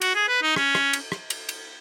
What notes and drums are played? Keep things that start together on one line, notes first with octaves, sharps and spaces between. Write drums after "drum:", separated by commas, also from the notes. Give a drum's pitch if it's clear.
F#4, drum: cymbal
G#4
B4
D#4
C#4, drum: rim click
drum: rim click
drum: cymbal
drum: rim click
drum: cymbal
drum: cymbal